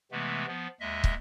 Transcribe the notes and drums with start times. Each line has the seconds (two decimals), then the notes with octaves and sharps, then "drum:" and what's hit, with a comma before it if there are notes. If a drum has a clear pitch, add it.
0.12 C3 E3 G#3 A3 B3
0.47 F3 B3
0.80 D#2 G#3 D#5 E5
1.04 drum: kick